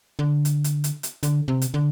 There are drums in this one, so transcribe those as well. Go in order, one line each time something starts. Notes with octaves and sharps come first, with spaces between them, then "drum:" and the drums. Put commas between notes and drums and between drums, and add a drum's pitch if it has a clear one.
D3
drum: hi-hat
drum: hi-hat
drum: hi-hat
drum: hi-hat
D3, drum: hi-hat
C3
drum: hi-hat
D3